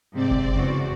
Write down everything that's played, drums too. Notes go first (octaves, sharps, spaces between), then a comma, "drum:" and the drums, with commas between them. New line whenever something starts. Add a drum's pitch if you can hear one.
G#2 C3 C4 D5
drum: kick F#1
F#1 E2 C#3 F#4